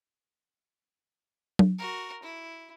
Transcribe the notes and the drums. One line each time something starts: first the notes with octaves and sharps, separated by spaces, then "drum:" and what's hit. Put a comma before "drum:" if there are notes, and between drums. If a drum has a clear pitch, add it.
drum: tom F#3
F#4 A#4
E4